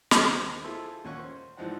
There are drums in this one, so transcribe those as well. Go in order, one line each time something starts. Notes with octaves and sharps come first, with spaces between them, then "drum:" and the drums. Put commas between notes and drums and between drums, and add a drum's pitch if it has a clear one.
D#2 C4, drum: snare
E4 F4 G#4 A4 C5 E5
D#2 A#2 C#4 F#5 C#6
C5
D2 G#2 E3 F3 D#4 F#5